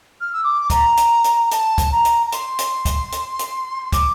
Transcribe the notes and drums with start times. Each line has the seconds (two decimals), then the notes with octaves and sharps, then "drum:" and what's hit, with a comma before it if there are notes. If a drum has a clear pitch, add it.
0.20 F6
0.32 E6
0.43 D6
0.70 A#5, drum: kick, hi-hat
0.97 drum: hi-hat
1.24 drum: hi-hat
1.51 A5, drum: hi-hat
1.78 drum: kick, hi-hat
1.91 A#5
2.05 drum: hi-hat
2.26 A#5
2.32 C6, drum: hi-hat
2.59 drum: hi-hat
2.85 drum: kick, hi-hat
3.12 drum: hi-hat
3.39 drum: hi-hat
3.92 D6, drum: kick, hi-hat